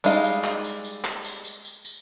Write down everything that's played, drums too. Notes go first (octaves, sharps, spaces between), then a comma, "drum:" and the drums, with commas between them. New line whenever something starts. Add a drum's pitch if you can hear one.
G3 G#3 D#4 F5, drum: tambourine
drum: tambourine
drum: clap
drum: tambourine
drum: tambourine
drum: clap
drum: tambourine
drum: tambourine
drum: tambourine
drum: tambourine